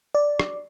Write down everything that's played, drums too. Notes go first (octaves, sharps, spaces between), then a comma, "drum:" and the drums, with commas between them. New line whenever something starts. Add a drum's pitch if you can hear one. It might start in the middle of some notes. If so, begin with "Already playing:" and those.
D5
drum: rim click